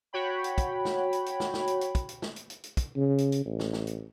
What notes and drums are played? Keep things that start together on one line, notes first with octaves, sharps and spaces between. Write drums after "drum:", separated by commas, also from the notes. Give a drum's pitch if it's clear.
F#4 C#5 G5 B5
drum: hi-hat
drum: kick, hi-hat
drum: snare
drum: hi-hat
drum: hi-hat
drum: snare
drum: snare
drum: hi-hat
drum: hi-hat
drum: kick, hi-hat
drum: hi-hat
drum: snare
drum: hi-hat
drum: hi-hat
drum: hi-hat
drum: kick, hi-hat
C#3
drum: hi-hat
drum: hi-hat
A1
drum: snare
drum: snare
drum: hi-hat